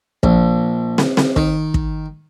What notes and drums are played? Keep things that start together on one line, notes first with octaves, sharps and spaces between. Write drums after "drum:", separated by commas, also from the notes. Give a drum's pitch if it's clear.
A#1, drum: kick
drum: snare
drum: snare
D#3, drum: kick
drum: kick